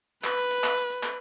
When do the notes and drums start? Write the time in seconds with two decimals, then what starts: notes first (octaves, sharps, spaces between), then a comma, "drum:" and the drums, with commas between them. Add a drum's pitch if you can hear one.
0.24 B4, drum: clap
0.37 drum: hi-hat
0.51 drum: hi-hat
0.64 drum: clap
0.77 drum: hi-hat
0.90 drum: hi-hat
1.03 drum: clap